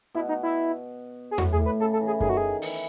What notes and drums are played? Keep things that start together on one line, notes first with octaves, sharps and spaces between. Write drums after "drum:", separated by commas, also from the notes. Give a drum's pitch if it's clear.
B2 E4
D#4
E4
G#4
A2 F#4, drum: tom E2
G#4
A2
B4
C#3 A4
A4
E3
G#4
D#3 G#4, drum: kick F#2
F#4
G#4
E3, drum: open hi-hat